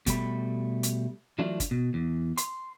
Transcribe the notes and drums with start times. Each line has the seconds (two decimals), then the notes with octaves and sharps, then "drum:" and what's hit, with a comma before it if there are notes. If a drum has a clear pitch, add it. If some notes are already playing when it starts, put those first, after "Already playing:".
0.06 B2 G3 A3 B5, drum: kick G1, hi-hat
0.83 drum: hi-hat
1.39 E3 F#3 A3 D4 F4
1.60 drum: kick G1, hi-hat
1.71 B2
1.94 E2
2.37 C6, drum: hi-hat